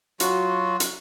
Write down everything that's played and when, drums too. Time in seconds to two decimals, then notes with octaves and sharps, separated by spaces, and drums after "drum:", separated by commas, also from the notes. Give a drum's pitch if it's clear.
0.20 F#3 F4 F#4, drum: hi-hat
0.80 drum: hi-hat